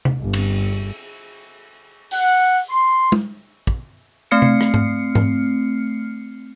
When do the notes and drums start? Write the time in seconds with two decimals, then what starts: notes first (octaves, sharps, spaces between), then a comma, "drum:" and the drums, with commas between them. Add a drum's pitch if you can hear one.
0.05 drum: tom C3
0.22 G1
0.33 drum: cymbal
2.11 F#5, drum: open hi-hat
2.70 C6
3.12 drum: tom
3.67 drum: kick
4.31 A3 C4 F6 C7 C#7
4.42 drum: tom C3
4.61 drum: rim click
4.74 drum: tom G#2
5.15 drum: tom G#2